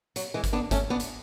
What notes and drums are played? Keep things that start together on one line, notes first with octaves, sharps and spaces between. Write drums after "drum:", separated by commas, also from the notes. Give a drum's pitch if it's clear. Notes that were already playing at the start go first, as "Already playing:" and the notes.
F#3, drum: hi-hat
E3 G#3
drum: kick G1, hi-hat
B3 D4
A3 C#4, drum: kick G1, hi-hat
B3 D4
drum: hi-hat